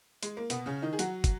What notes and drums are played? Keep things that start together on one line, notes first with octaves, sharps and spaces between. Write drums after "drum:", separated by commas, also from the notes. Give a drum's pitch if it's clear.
G#3, drum: hi-hat
A#3
B2 B3, drum: hi-hat
C#3 C#4
D#3 D#4
G#4
F#3 F#4, drum: hi-hat
drum: kick, hi-hat